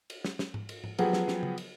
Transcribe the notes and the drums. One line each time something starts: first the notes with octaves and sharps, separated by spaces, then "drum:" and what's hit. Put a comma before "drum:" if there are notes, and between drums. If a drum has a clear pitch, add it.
drum: cymbal
drum: snare
drum: snare
drum: tom G#2
drum: cymbal
drum: tom G#2
F3 F#3 B3 G4 G#4 B4, drum: cymbal
drum: snare
drum: snare
drum: tom C#3
drum: cymbal